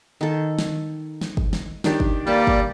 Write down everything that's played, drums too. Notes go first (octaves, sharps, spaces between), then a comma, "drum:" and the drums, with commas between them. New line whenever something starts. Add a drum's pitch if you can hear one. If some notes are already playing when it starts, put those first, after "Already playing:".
D#3 A4
drum: snare
drum: snare
drum: kick
drum: snare
D#3 D4 G4, drum: snare
drum: kick
G3 A#3 B4 D5 A5
drum: kick